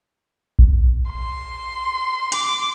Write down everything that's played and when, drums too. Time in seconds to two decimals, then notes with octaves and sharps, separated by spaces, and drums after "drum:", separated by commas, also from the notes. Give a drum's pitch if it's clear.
0.59 drum: kick A#1
1.11 C6
2.32 D6, drum: hi-hat